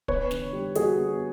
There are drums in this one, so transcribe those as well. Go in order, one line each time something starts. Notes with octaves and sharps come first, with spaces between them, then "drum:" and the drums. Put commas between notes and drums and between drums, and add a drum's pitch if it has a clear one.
B3 B4 C#5, drum: kick
D3, drum: snare
G3
D3 F#4 G#4, drum: hi-hat
B3